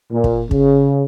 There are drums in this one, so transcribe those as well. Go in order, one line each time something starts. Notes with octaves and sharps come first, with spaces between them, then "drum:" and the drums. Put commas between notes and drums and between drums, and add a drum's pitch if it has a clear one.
A#2
drum: kick
C#3, drum: kick